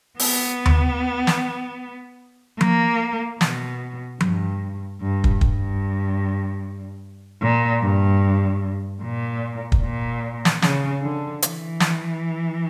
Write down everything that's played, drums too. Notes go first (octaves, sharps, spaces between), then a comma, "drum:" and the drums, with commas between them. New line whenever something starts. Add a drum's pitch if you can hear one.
B3, drum: open hi-hat
drum: tom D#2
drum: snare
A#3, drum: tom F3
B2, drum: snare
G2, drum: tom F3
G2
drum: kick
G2, drum: kick
A#2
G2
A#2
drum: kick
A#2
drum: snare
C#3, drum: snare
D3
E3, drum: hi-hat
drum: snare